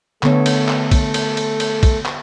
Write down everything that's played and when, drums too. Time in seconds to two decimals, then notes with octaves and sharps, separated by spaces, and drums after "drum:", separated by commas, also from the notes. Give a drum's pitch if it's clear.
0.23 D3 A3 B3 A4 C#5, drum: clap
0.46 drum: cymbal
0.69 drum: clap
0.91 drum: kick, cymbal
1.14 drum: cymbal
1.37 drum: cymbal
1.60 drum: cymbal
1.83 drum: kick, cymbal
2.06 drum: clap